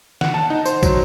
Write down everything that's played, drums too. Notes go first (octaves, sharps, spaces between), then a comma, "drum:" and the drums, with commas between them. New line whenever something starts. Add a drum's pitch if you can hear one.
F#5, drum: snare
A5
D#4
C5, drum: tambourine
F#3, drum: kick, tambourine